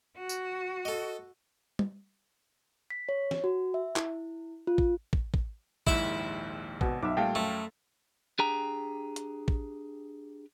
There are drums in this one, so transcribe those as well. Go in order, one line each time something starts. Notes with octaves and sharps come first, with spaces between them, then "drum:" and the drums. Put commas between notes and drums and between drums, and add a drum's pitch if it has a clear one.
F#4
drum: tambourine
A4 D#5
drum: tom
B6
C#5
drum: snare
F#4
E5
E4, drum: clap
F4
drum: kick
drum: kick
drum: kick
A#1 D#2 G#2 E4 E5 B5, drum: kick
G#1 B2, drum: kick
B1 E5 D6
A#2 G3 A3 F5 G5 A5
F#2 A3
D4 G4 G#4 G5 A#5
drum: hi-hat
drum: kick